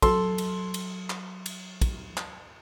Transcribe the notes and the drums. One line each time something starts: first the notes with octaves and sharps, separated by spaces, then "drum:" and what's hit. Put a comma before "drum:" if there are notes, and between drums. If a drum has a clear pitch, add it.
F#3 A4 C6, drum: kick, cymbal
drum: cymbal
drum: cymbal
drum: clap
drum: cymbal
drum: kick, cymbal
drum: clap